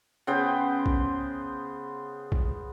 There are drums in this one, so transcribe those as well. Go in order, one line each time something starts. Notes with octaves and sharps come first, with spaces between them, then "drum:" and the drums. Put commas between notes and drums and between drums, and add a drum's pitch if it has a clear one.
C#3 B3 C5 G5
drum: kick A#1
drum: kick A#1